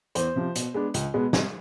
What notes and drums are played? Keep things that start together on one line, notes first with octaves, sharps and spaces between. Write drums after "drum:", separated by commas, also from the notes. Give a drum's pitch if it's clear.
E2 C5, drum: hi-hat
C3 F3
B2, drum: hi-hat
G#3 B3 D4
C#2, drum: hi-hat
B2 G#3 B3
C3, drum: snare